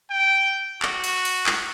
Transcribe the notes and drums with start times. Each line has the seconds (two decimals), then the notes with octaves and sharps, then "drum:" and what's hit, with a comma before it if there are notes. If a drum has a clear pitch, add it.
0.10 G5
0.82 F#4, drum: clap
1.04 drum: cymbal
1.25 drum: cymbal
1.46 drum: clap